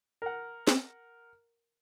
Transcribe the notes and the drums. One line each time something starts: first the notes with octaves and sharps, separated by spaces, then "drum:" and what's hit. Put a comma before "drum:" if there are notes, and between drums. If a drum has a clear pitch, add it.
A#4 F#5
drum: snare